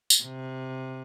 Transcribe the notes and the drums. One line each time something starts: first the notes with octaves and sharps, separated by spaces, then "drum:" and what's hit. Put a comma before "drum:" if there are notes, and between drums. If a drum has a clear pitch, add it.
drum: tambourine
C3